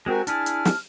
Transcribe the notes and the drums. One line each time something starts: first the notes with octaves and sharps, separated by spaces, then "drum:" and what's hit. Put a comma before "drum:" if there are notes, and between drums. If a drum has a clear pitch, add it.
G#3 C4 F#4 G4 A#4 G#5
D4 E4 G#4 A5 F6, drum: hi-hat
drum: hi-hat
drum: snare